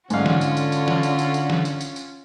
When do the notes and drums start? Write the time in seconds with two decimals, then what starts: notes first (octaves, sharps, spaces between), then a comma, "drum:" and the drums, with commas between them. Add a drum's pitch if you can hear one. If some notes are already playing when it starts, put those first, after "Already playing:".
0.10 G#2 D3 C#4 F4 F#4 F5, drum: tambourine
0.26 drum: snare
0.41 drum: tambourine
0.57 drum: tambourine
0.72 drum: tambourine
0.88 drum: snare
1.03 drum: tambourine
1.19 drum: tambourine
1.34 drum: tambourine
1.50 drum: snare
1.65 drum: tambourine
1.81 drum: tambourine
1.96 drum: tambourine